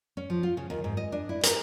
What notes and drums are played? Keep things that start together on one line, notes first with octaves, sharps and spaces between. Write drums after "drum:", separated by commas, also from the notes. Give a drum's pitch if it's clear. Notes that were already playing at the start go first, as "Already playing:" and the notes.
C#4
F3
F4
C#3
D#2
G#2
D#5
D4
E4
A#4, drum: hi-hat